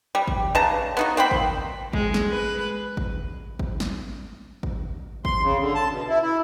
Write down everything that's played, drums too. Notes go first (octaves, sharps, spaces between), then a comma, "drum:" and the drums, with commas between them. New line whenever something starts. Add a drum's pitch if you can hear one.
G3
drum: kick G#1
C#3 B4 A5 A#5
B3 D#4 F#4
A#3 C4 G5 B5
drum: kick G#1
G#3, drum: kick G#1
drum: snare
B4
drum: kick G#1
drum: kick G#1
drum: snare
drum: kick G#1
C6, drum: kick G#1
C#3
D3
A5
B2
E4
E4